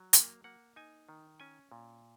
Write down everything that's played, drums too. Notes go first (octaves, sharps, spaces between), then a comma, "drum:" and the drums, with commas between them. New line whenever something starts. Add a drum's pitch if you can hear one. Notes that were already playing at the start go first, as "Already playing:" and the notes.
Already playing: F#3
A#3 A#5, drum: hi-hat
A#3 F#5
D#4 G#5
D#3
C#4 G#5
A#2